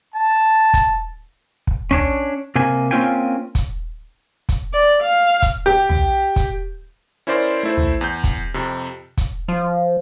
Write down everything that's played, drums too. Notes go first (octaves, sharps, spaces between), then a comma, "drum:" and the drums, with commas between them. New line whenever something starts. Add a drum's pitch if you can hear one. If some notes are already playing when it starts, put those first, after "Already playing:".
A5
drum: kick, hi-hat
drum: kick
C#4 D4 C#5, drum: tom
C3 A#3 G#5
A#3 C4 C#4 F4 G5 G#5
drum: kick, hi-hat
drum: kick, hi-hat
D5
F5
drum: kick, hi-hat
G4
drum: tom
drum: kick, hi-hat
C#4 E4 A#4 C5 D5 C6
A3 E4 C5
drum: tom
E2 G6
drum: kick, hi-hat
F2 C3
drum: kick, hi-hat
F3